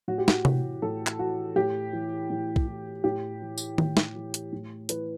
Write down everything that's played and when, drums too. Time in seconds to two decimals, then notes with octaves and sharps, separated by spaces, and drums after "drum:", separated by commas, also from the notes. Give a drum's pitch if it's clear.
0.08 A2 F#4
0.18 G4
0.28 F#4, drum: snare
0.45 E3 F#4, drum: tom C3
0.82 A2 A4
1.07 drum: clap
1.19 E3 F#4
1.56 A2 G4
1.93 E3
2.30 A2
2.56 drum: kick
2.67 E3
3.04 A2 G4
3.42 E3
3.57 drum: tambourine
3.78 A2, drum: tom D#3
3.97 drum: snare
4.15 E3
4.34 drum: hi-hat
4.53 A2
4.89 E3 B4, drum: hi-hat